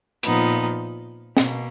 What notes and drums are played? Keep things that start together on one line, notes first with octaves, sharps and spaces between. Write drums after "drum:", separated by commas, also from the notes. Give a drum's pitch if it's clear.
A#2 F3 B3 D#4, drum: hi-hat
B2 A#3, drum: snare